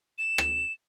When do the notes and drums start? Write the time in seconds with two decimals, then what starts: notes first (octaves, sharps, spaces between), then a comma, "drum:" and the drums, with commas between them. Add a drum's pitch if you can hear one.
0.18 E7
0.38 drum: rim click